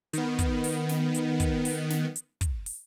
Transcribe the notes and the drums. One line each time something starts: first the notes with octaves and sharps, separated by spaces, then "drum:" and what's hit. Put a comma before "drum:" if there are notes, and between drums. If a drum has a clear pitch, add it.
D#3 B3, drum: hi-hat
drum: kick, hi-hat
drum: open hi-hat
drum: snare
drum: hi-hat
drum: kick, hi-hat
drum: open hi-hat
drum: snare
drum: hi-hat
drum: kick, hi-hat
drum: open hi-hat